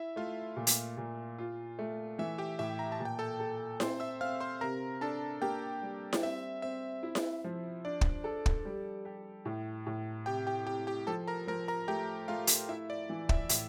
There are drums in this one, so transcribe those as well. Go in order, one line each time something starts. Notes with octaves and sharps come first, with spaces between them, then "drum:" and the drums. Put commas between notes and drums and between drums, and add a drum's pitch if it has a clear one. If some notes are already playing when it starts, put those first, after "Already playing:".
Already playing: E4 E5
A3 F4 F5
A#2
drum: hi-hat
A#2
F4
A3
E3 E5
G4 G5
A2 E5
A#5
A5
A#2
G5
A4 A5
A4
C4 C5 C6, drum: snare E4
E5 E6
C4 F5 F6
C5 C6
C3 A#4 A#5
D4 A4 A5
A#3 G4 G5
G3
drum: snare E4
C4 E5
C4 E5
E4
drum: snare E4
F3
D4 D5
drum: kick
A4
drum: kick
G3
G4
A2
A2
C3 G4 G5
G4 G5
C3 G4 G5
G4 G5
F3 A4 A5
A#4 A#5
F3 A#4 A#5
A#4 A#5
A3 G4 G5
A3 F4 F5
drum: hi-hat
E4 E5
D5
E3
E5, drum: kick
A2 E5, drum: hi-hat